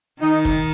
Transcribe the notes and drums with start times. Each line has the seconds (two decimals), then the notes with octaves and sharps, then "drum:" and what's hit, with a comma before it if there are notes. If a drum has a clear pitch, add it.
0.21 D#3 D#4
0.45 drum: kick